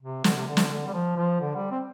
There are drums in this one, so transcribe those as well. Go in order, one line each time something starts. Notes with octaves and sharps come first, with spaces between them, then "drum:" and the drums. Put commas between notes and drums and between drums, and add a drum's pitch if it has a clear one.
C3
D3, drum: snare
C3
D3
drum: snare
D3
G3
F3
F3
D3
G3
C4